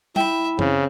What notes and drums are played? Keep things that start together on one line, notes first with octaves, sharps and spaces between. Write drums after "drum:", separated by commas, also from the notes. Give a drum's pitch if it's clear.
E4 E5 G5 B5, drum: tom G3
C#3 C4, drum: tom F#2